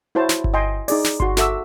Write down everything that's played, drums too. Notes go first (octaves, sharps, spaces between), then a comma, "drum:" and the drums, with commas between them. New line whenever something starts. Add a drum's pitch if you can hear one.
E4 F#4 C5 C#5 A5
drum: snare
drum: kick G1
D#5 G5 G#5 C6
D#4 G#4 D5, drum: open hi-hat
drum: snare
F#4 C6, drum: kick G1
F#4 A4 E5 D6 E6, drum: snare